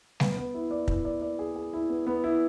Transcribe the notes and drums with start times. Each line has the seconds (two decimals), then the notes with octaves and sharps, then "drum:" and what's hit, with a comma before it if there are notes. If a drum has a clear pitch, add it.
0.20 B3, drum: snare G3
0.37 B3
0.54 E4
0.71 D5
0.88 E4, drum: kick
1.05 D5
1.22 D5
1.39 G#4
1.56 G#4
1.73 E4
1.90 B3
2.07 B3
2.24 E4